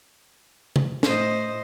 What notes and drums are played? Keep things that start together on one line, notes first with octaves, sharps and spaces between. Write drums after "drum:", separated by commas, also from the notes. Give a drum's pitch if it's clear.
drum: tom C3
A2 C5 D#5, drum: snare